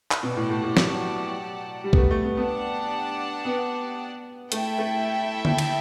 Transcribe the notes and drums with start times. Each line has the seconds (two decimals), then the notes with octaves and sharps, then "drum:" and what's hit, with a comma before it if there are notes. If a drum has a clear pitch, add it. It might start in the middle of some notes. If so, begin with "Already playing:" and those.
0.11 drum: clap
0.22 B2 G4 D5 F#5 A5
0.36 A2
0.50 A2
0.63 A2
0.77 F#3, drum: snare
1.84 G3
1.93 B3, drum: kick B1
1.97 A3
2.11 A3
2.24 B3
2.37 B3 D4 G4 D5 F#5 A5
3.45 B3
4.52 A3 E4 A4 E5 G5, drum: hi-hat
4.79 A3
5.45 drum: tom D3
5.58 drum: cymbal